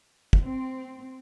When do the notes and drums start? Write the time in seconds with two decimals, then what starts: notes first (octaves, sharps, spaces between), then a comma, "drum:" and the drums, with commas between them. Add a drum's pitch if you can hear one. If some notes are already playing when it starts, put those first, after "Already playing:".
0.33 drum: kick
0.42 C4